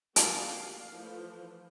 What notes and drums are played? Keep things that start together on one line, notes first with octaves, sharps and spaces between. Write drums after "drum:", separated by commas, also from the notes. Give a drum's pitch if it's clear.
A#3 D4 F#4 G4 D5 F5, drum: hi-hat
F5
E3 F3 A3